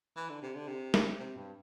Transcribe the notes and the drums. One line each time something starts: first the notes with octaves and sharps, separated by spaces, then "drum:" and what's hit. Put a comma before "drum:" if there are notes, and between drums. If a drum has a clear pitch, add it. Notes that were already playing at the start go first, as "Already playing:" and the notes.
E3
D3
C3
D3
C3
drum: snare
C3
G2